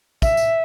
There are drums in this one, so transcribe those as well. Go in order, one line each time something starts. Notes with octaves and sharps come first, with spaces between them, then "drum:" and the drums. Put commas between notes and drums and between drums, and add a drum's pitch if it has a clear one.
E5, drum: kick, tambourine
drum: tambourine